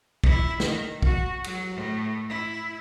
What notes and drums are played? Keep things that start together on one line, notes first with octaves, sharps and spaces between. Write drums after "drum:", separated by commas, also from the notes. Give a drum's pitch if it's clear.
E4, drum: kick
D#3, drum: snare
F#4, drum: kick
F#3, drum: cymbal
A2
E4